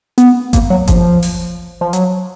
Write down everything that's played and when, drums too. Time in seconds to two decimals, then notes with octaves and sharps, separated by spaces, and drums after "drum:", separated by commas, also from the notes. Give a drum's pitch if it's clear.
0.18 B3, drum: hi-hat
0.53 A#3, drum: kick G#1, hi-hat
0.70 F#3
0.87 F3, drum: kick G#1, hi-hat
1.23 drum: open hi-hat
1.81 F3
1.93 F#3, drum: hi-hat